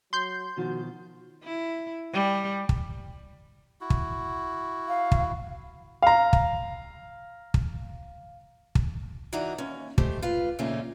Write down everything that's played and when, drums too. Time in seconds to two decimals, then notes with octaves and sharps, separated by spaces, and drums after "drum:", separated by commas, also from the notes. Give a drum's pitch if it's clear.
0.13 F#3 C6 G6
0.57 B2 D#3 F3 F#4
1.44 E4
2.13 G3
2.69 drum: kick
3.81 E4 F#4
3.90 drum: kick
4.88 F5
5.12 drum: kick
6.02 F5 A#5
6.33 drum: kick
7.54 drum: kick
8.75 drum: kick
9.33 E3 D4 D#4 F#4 A#5
9.58 D#2 C#4
9.98 G#3 A3 G4 C5, drum: kick
10.22 F4 B4 F5
10.59 F2 A#2 C#3 A3 C#4 D#4